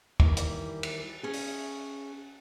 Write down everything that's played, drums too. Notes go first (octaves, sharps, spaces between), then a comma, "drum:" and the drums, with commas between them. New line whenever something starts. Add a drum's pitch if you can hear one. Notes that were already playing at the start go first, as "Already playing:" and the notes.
D#3 E3 G3 A#3, drum: kick
drum: hi-hat
drum: cymbal
C#4 G#4
drum: open hi-hat